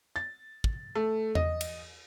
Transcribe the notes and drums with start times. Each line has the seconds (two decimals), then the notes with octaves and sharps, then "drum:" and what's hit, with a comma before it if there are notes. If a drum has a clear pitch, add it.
0.16 A6
0.64 drum: kick
0.95 A3
1.35 D#5, drum: tom E2
1.61 drum: cymbal